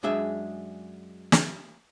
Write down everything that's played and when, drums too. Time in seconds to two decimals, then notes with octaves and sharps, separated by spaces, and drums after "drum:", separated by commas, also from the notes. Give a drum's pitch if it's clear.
0.03 F#2 G#3 D4 G#4 E5
1.32 drum: snare